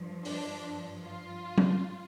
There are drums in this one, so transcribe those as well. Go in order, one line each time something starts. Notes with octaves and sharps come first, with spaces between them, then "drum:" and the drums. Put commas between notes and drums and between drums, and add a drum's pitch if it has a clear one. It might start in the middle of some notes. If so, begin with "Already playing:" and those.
Already playing: G2 F3
D4, drum: open hi-hat
F4
drum: tom